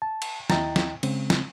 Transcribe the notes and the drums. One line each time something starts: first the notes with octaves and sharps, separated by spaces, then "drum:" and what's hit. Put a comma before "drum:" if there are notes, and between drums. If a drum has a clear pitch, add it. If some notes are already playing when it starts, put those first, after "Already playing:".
A5
drum: cymbal
D#2 E4 D#5 G5 A#5 A6, drum: snare
drum: snare
C#3 G#3 C4, drum: cymbal
drum: snare